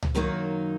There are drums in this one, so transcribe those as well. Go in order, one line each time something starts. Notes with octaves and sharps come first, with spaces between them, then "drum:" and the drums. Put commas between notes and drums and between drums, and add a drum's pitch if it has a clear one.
drum: tom C#2
F#2 D#3 F#3 A#3 D#4